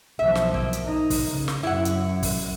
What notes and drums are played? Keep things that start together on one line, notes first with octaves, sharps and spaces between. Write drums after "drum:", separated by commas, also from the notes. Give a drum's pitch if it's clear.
B1 F3 E5
drum: snare
A#3, drum: kick
drum: hi-hat
D#4
drum: kick, open hi-hat
C#3
drum: snare
F#2 E4 F#5
drum: hi-hat
drum: kick, open hi-hat